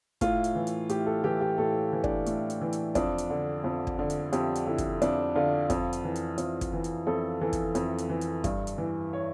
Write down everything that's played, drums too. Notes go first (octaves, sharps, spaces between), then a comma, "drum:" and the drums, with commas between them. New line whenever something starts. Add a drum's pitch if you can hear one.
A2 F4, drum: kick, hi-hat
drum: hi-hat
E3
drum: hi-hat
A2 G4, drum: hi-hat
A4
E3 G4
G4
A2 A4
E3
D4, drum: kick
A2, drum: hi-hat
drum: hi-hat
E3
drum: hi-hat
F2 D4, drum: kick, hi-hat
drum: hi-hat
D3
F2
drum: kick
D3
drum: hi-hat
F2 G4, drum: hi-hat
drum: hi-hat
D3 E4
drum: kick, hi-hat
F2 D4, drum: hi-hat
D3 F4
F2, drum: kick, hi-hat
drum: hi-hat
E3
drum: hi-hat
F2, drum: hi-hat
drum: kick, hi-hat
E3
drum: hi-hat
F2 A4
E3 A4
drum: kick, hi-hat
F2, drum: hi-hat
drum: hi-hat
E3
drum: hi-hat
G2, drum: kick, hi-hat
drum: hi-hat
E3
C#5